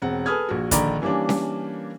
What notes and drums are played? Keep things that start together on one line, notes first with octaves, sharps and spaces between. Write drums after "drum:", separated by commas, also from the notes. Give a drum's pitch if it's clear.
E1 C4 F#5
G#4 A4 B4 D#6 F6 G#6
A#1 F#4
A#1 D3 D#3 D5 A#5 B5, drum: kick, hi-hat
E3 G3 A#3 C#4 D4
drum: snare C#4